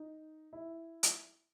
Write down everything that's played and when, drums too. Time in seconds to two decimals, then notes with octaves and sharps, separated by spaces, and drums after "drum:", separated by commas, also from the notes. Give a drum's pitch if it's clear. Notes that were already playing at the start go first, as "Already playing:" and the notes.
Already playing: D#4
0.53 E4
1.03 drum: hi-hat